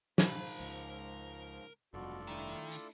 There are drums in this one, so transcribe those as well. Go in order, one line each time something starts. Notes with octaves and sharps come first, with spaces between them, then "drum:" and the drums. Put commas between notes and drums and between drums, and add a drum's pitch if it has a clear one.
G#2 F3 A#4 B5, drum: snare
C#2
F1 G2 B2 F4 F#4 A4 D5
D#3 A3 D4 E4
drum: tambourine